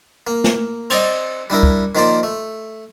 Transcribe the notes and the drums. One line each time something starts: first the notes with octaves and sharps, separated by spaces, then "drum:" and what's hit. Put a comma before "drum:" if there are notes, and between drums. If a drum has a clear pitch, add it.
A#3
drum: snare
C4 D5 D#5, drum: cymbal
G3 D4 E4 A#4
drum: kick
D#3 F3 A#3 C5 D5
A3